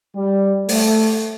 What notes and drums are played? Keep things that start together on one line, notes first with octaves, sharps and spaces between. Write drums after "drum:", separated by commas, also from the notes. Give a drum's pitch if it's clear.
G3
A3, drum: open hi-hat